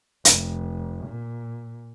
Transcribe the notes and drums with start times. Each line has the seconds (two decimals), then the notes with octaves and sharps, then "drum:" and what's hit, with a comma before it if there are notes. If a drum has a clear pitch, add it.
0.25 F1, drum: hi-hat
1.07 A#2